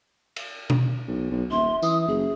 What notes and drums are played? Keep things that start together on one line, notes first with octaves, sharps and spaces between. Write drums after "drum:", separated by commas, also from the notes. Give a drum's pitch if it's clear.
drum: cymbal
drum: tom B2
B1
B1
D#1 E5 C6
E3 D#6, drum: tambourine
F#1 G#4